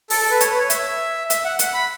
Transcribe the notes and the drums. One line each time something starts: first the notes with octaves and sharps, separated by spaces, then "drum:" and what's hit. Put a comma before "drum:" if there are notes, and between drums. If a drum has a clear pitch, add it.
A4, drum: open hi-hat
A4
B4
C#5, drum: hi-hat
B4
C#5
E5, drum: hi-hat
E5, drum: hi-hat
F#5
F#5, drum: hi-hat
B5